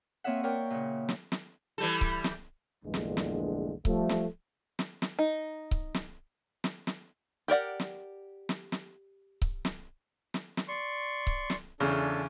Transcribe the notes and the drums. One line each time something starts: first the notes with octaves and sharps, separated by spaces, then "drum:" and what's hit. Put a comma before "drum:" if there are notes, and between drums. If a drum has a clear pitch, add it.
A#3 C4 C#5 D#5 E5 F#5
A#4 C#5 D5 E5 G5
A#2 C#3
drum: snare
drum: snare
E3 G3 A4
drum: kick C#1
drum: snare
A#1 E2 G2 D3 G#3
drum: snare
drum: snare
F3 G3 A3, drum: kick C#1
drum: snare
drum: snare
drum: snare
D#4
drum: kick C#1
drum: snare
drum: snare
drum: snare
G4 A#4 D5 F#5
drum: snare
drum: snare
drum: snare
drum: kick C#1
drum: snare
drum: snare
drum: snare
D5 C6 C#6
drum: kick C#1
drum: snare
E2 C#3 D4 A4